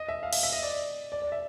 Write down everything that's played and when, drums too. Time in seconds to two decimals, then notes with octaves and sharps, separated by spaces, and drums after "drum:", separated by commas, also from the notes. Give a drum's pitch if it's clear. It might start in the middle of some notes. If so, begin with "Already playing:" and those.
Already playing: D#5
0.09 E5
0.23 F5
0.33 E5, drum: cymbal
0.43 E5
0.52 D#5
0.63 D5
1.12 D5
1.22 D5
1.32 E5